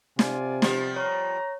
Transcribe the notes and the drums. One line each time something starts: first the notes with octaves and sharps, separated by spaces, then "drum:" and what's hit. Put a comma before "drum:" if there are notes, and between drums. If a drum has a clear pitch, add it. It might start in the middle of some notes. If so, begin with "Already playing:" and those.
C3 F4 D5 G#5, drum: snare
F3 G3 B3, drum: snare
C#5 A#5